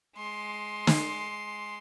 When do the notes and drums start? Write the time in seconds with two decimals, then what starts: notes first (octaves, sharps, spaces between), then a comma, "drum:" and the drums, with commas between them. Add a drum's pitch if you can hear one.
0.16 G#3 C6
0.87 drum: snare